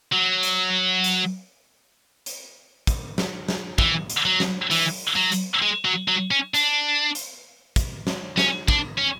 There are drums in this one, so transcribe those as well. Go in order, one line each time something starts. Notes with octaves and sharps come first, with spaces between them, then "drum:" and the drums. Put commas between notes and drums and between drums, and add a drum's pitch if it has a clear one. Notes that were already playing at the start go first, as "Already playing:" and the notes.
F#3
drum: hi-hat
drum: hi-hat
drum: hi-hat
drum: kick, hi-hat
drum: snare
drum: snare
E3, drum: kick
drum: hi-hat
F#3
drum: snare
E3, drum: open hi-hat
F#3
drum: hi-hat
G#3
F#3
F#3
C#4
D4, drum: hi-hat
drum: hi-hat
drum: kick, hi-hat
drum: snare
C#4, drum: snare
D4, drum: kick
C#4